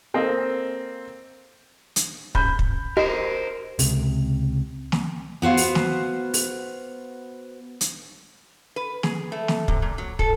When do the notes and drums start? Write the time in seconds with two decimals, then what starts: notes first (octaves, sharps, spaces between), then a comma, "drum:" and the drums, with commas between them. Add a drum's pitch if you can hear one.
0.14 A#3 C4 A4 C5 D#5 F5
1.96 drum: hi-hat
2.35 B5 G6, drum: kick
2.59 drum: kick
2.97 F#4 A#4 C5 D#5
3.79 C#2 C3, drum: open hi-hat
4.92 drum: snare
5.42 B3 F#4 C5 F5
5.57 drum: open hi-hat
5.75 drum: snare
6.34 drum: open hi-hat
7.81 drum: hi-hat
8.76 B4
9.03 G#4, drum: snare
9.32 A3
9.48 drum: snare
9.68 C3, drum: kick
9.82 A#2
9.98 F#3
10.19 A4, drum: kick